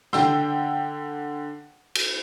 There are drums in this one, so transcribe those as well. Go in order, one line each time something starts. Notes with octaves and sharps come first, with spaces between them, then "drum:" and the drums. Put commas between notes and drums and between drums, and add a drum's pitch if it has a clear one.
D3 G5 E6, drum: rim click
drum: cymbal